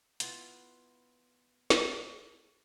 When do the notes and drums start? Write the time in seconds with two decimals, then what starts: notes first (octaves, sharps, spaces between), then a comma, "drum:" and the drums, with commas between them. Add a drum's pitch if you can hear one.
0.20 B3 E4 F4, drum: hi-hat
1.70 drum: snare